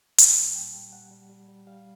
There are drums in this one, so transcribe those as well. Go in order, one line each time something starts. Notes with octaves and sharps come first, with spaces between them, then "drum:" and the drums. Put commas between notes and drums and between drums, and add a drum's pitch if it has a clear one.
A#2 A5, drum: hi-hat
G3
A#2 G5
G3
G3 F#5
G3
G3
G3
G3 F5